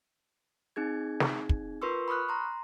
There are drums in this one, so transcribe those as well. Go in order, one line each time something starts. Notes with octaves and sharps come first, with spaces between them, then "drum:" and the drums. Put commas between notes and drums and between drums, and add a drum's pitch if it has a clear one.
C4 D#4 G#4 G#6
drum: snare
drum: kick
F4 A#4 B4 C6 C#6 E6
B5 C#6 D#6 F6 F#6
A#5 C6